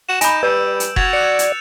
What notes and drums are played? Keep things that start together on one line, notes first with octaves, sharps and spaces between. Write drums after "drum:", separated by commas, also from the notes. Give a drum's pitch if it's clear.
F#4 E7
D#4 G#5 B5 G6 D7, drum: hi-hat
G3 B4 E6
drum: hi-hat
F#4 G#6 A6 F7, drum: kick F1
D5 F#6 C#7
drum: hi-hat